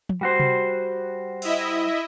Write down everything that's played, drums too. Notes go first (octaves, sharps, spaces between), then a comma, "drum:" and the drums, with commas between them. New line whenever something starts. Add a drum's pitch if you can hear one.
drum: tom
G3 F#4 C5
drum: tom C3
E4 D#5 E5, drum: cymbal